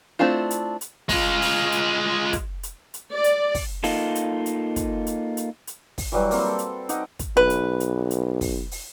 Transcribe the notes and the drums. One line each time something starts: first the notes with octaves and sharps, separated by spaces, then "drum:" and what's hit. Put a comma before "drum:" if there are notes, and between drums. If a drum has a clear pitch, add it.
A3 C4 D4 E4 F4
drum: hi-hat
drum: hi-hat
G#3 F4, drum: kick, open hi-hat
drum: open hi-hat
drum: hi-hat
drum: kick, hi-hat
drum: hi-hat
drum: hi-hat
D5
drum: hi-hat
drum: kick, open hi-hat
A#3 D#4 F4 A4, drum: open hi-hat
drum: hi-hat
drum: hi-hat
drum: kick, hi-hat
drum: hi-hat
drum: hi-hat
drum: hi-hat
drum: kick, open hi-hat
E3 F#3 G3 B4
A#3 C4, drum: open hi-hat
A4
drum: hi-hat
D#4 G4 F#5, drum: hi-hat
drum: kick, hi-hat
B1 B4
drum: hi-hat
drum: hi-hat
drum: hi-hat
drum: kick, open hi-hat
drum: open hi-hat